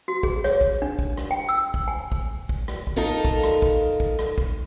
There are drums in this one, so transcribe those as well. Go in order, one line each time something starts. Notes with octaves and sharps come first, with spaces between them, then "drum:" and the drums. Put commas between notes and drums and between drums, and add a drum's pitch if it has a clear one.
F#4
G#4, drum: kick
C#5, drum: rim click
drum: kick
D4
drum: kick
drum: rim click
G5
E6
drum: kick
G#5
drum: kick
drum: kick
drum: rim click
drum: kick
D#4 F4 A4 A#4
drum: kick
drum: rim click
drum: kick
drum: kick
drum: rim click
drum: kick